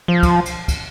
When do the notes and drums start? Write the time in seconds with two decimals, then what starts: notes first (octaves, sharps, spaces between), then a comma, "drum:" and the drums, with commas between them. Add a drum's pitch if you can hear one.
0.08 F3
0.23 drum: kick, cymbal
0.46 drum: cymbal
0.68 drum: kick, cymbal